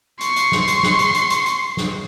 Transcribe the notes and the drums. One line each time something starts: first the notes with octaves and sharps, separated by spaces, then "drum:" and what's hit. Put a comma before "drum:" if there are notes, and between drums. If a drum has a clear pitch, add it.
C6 C#6, drum: hi-hat
drum: hi-hat
drum: snare
drum: hi-hat
drum: snare
drum: hi-hat
drum: hi-hat
drum: hi-hat
drum: hi-hat
drum: snare